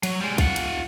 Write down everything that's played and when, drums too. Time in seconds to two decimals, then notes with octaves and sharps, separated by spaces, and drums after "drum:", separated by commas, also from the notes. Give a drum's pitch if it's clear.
0.03 F#3, drum: cymbal
0.21 G3 G#3
0.38 F4 F#5, drum: kick, cymbal
0.56 drum: cymbal